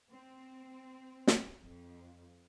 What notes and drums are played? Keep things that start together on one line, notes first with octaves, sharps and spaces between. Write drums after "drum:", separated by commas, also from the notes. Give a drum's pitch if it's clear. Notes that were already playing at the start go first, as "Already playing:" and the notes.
C4
drum: snare
F2